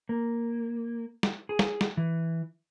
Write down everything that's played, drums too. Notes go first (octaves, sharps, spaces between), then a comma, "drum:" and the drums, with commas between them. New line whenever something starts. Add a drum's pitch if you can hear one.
A#3
drum: snare
G#4
drum: snare
drum: snare
E3